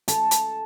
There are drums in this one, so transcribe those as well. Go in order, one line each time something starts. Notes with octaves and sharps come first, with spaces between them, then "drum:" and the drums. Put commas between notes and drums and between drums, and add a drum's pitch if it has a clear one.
A4, drum: hi-hat
drum: hi-hat